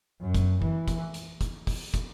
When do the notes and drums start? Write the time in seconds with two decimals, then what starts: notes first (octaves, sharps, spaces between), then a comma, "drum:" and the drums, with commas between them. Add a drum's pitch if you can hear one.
0.21 F#2
0.35 drum: kick, hi-hat
0.62 E3, drum: kick
0.88 drum: kick, hi-hat
1.14 drum: hi-hat
1.41 drum: kick, hi-hat
1.67 drum: kick, open hi-hat
1.94 drum: kick, hi-hat